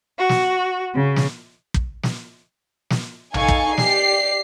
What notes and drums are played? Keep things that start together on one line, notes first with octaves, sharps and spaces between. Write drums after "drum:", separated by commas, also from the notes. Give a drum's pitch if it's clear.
F#4
drum: snare
C#3
drum: snare
drum: kick
drum: snare
drum: snare
D#4 A4 F5 G#5 C#6, drum: tom A#1
drum: kick
G4 D5 C7, drum: snare